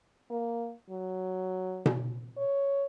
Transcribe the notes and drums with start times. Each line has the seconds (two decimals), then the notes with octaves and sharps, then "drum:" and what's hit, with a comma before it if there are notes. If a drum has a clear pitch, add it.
0.30 A#3
0.90 F#3
1.86 drum: tom B2
2.37 C#5